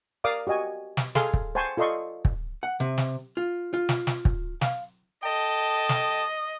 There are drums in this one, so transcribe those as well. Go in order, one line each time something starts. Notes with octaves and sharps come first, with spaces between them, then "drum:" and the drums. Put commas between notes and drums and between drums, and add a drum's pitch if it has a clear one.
A#4 D5 F5 D6 D#6
F#4 G4 D#5 G#5
drum: snare
G#4 A4 F5 G#5 C6, drum: snare
drum: kick
C5 F#5 G#5 A5 C6 C#6
F4 A4 D5 D#5 C6 C#6
drum: kick
F#5
C3
drum: snare
F4
F4
drum: snare
drum: snare
drum: kick
F5, drum: snare
A4 D#5 G5 A5
drum: snare